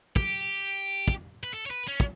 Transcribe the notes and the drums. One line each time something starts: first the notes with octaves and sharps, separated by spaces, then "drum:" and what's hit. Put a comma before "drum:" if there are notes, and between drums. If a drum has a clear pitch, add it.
G4, drum: kick
drum: kick
B4
A4
C#5
B4
C#4
drum: kick